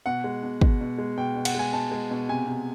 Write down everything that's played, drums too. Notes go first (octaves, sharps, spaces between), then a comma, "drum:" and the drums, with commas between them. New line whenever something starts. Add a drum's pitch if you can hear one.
B2 F#5
G#3
B2
B2, drum: kick
B2
G#3
B2 G5
B2
F#5, drum: cymbal
G#3 G#5
B2 A5
G#3
B2
C3 G#5
C3